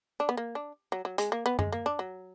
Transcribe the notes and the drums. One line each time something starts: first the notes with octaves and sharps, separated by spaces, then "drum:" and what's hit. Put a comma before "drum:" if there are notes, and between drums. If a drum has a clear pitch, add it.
D4
B3
A#3
D4
F#3
F#3
G#3, drum: hi-hat
A#3
B3
G#3, drum: tom F#2
A#3
D4
F#3